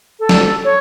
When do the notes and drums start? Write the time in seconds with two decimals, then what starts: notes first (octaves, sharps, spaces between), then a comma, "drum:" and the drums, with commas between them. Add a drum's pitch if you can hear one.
0.19 A4
0.29 drum: snare
0.64 C#5